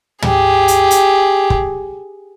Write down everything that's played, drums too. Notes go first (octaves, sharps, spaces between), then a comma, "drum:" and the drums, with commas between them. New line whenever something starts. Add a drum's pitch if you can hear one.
G4 G#4, drum: tom
drum: hi-hat
drum: hi-hat
drum: kick